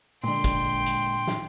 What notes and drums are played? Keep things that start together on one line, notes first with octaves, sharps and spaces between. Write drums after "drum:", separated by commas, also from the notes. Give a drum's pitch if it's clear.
A#2 D3 G#3 G5 C6
drum: kick, hi-hat
drum: hi-hat
drum: snare